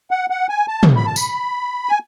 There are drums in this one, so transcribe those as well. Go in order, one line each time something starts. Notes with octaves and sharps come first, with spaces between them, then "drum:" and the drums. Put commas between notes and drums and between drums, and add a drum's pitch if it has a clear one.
F#5
F#5
G#5
A5
drum: tom
B5
A5
B5, drum: tambourine
G#5